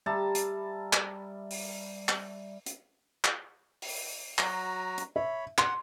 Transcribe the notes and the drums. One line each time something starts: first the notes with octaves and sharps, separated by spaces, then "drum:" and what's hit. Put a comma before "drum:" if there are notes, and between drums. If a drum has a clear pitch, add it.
G3 E5 A5 A#5
drum: hi-hat
drum: clap
drum: open hi-hat
drum: clap
drum: hi-hat
drum: clap
drum: open hi-hat
F#3 F#4 A#5, drum: clap
drum: hi-hat
C#5 E5 B5
F#5 C6, drum: clap